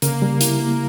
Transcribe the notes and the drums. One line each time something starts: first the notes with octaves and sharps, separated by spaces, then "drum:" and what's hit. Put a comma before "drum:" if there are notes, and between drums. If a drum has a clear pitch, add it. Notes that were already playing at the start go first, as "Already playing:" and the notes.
C#3 A#3, drum: hi-hat
G3
E4, drum: hi-hat
A#3